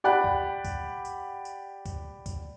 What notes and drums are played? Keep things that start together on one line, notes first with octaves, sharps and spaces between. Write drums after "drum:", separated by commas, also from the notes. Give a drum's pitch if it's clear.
G4 D5 F#5 B5 F#6
drum: kick C#2
drum: kick C#2, tambourine
drum: tambourine
drum: tambourine
drum: kick C#2, tambourine
drum: kick C#2, tambourine